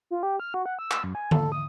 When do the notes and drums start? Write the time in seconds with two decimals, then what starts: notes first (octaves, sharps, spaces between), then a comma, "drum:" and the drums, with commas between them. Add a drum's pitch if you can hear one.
0.11 F4
0.23 G4
0.40 F6
0.54 F#4
0.66 F#5
0.79 E6
0.91 E6, drum: clap
1.03 F#2
1.15 G#5
1.31 A4, drum: tom D3
1.52 D#6